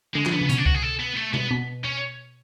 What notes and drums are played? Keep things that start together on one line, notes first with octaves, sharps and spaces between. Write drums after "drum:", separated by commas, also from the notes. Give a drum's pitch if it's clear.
D3 G#3
F3, drum: clap
D3 B3
C#3
B2 C#4, drum: hi-hat
D4
F#4, drum: kick C2
G#4
A4
B3
A3
B3, drum: tom B2
B2
C#4